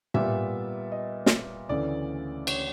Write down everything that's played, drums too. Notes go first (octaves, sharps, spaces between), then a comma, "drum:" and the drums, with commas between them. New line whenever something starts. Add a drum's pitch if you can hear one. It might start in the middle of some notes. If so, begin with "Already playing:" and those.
A#2 G3 B3 E5, drum: tom
D#5
drum: snare
D2 C#3 E3 A3 D5
C#5, drum: cymbal